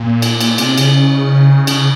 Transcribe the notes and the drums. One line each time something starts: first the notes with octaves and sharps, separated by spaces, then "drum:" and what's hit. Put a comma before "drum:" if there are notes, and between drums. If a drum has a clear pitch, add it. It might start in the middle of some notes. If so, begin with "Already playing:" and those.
Already playing: A#2
drum: cymbal
drum: cymbal
C3, drum: cymbal
C#3, drum: cymbal
C#3, drum: cymbal